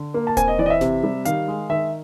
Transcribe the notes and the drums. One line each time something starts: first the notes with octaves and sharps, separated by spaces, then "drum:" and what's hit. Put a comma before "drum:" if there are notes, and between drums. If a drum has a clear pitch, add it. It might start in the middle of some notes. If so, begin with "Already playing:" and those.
Already playing: D3
A#3
A5
C4 G#5, drum: kick D#1, hi-hat
D#5
E3 D5
D#5
E5
C3, drum: snare G1
G3
D#3 F5, drum: hi-hat
G#3
D#3 E5